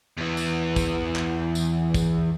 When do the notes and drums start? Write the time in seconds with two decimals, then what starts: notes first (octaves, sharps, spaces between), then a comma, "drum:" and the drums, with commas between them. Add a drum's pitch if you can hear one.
0.17 E2 E3
0.37 drum: tambourine
0.76 drum: kick, tambourine
1.16 drum: clap
1.55 drum: tambourine
1.94 drum: kick, tambourine